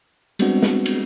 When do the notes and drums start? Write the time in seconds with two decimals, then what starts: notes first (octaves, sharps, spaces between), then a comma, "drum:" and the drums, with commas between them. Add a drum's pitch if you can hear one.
0.39 G3 G#3 B3 C4 D4 F#4, drum: cymbal
0.62 drum: snare
0.86 drum: cymbal